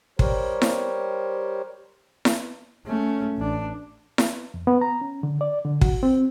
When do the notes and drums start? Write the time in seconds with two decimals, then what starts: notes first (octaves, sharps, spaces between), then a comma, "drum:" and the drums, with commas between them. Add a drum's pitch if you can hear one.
0.19 G3 G4 A#4 C5 C#5, drum: kick
0.62 drum: snare E4
2.25 drum: snare E4
2.86 A3 C#4
3.37 A1 D4
4.18 drum: snare E4
4.54 F2
4.67 B3
4.81 A#5
5.01 C#4
5.23 D3
5.41 D5
5.65 D3
5.81 F#4, drum: kick
6.03 C4